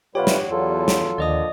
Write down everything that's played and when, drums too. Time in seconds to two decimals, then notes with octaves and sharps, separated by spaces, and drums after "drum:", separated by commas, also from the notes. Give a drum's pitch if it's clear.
0.15 C3 G3 F4 G4 B4 C#5 D5 F#5
0.27 drum: snare
0.51 E2 F#3 F4 A4
0.88 drum: snare
1.18 D#2 A#2 D3 F3 D5 D#5 D#6